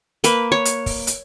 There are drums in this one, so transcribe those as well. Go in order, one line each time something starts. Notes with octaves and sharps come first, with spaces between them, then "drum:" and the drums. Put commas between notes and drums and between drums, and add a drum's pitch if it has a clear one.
A#3 B4, drum: hi-hat
C#5
drum: hi-hat
drum: kick, open hi-hat
drum: hi-hat